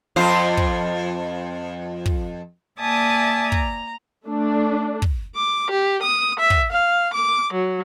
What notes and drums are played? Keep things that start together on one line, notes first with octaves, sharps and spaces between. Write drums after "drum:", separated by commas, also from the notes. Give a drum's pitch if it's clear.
F2 F4 C5
drum: kick
drum: kick
A#3 D5 E5 G#5 A5 D#6
A#5, drum: kick
A3 D4
drum: kick
D6
G4
D#6
E5
drum: kick
F5
D6
F#3